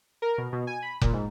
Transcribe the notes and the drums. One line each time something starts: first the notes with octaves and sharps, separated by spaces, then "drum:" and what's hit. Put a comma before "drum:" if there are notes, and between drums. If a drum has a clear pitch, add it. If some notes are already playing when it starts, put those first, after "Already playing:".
A#4
B2
B2
G#5
B5
A#2, drum: kick F1
G#2